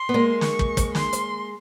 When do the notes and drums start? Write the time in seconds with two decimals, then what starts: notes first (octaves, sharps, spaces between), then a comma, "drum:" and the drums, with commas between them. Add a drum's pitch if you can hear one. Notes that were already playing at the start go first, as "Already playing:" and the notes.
Already playing: C6
0.09 B3
0.14 G#3 A#3
0.41 C#6, drum: snare
0.59 drum: kick
0.77 drum: kick, hi-hat
0.95 C6, drum: snare
1.13 drum: hi-hat